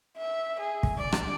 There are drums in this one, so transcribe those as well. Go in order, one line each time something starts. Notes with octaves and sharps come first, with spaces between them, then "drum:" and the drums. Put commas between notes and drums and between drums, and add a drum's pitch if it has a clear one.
E5
G#4
drum: kick
D5
drum: rim click